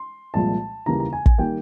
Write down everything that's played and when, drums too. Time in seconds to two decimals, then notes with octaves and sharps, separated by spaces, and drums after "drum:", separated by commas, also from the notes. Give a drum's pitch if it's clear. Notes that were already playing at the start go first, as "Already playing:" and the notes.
Already playing: C6
0.34 C2 A#2 F3 G#3 A5
0.86 D#2 C#3 E3 G3 A#3 A#5
1.00 A#5
1.13 G#5
1.26 G#5, drum: kick
1.38 D#3 G3 A#3 G5